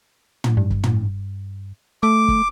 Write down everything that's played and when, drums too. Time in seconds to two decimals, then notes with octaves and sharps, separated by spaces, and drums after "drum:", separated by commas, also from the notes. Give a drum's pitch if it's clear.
0.44 drum: tom
0.57 G2
0.70 drum: kick
0.83 drum: tom
2.03 A3 D6
2.28 drum: kick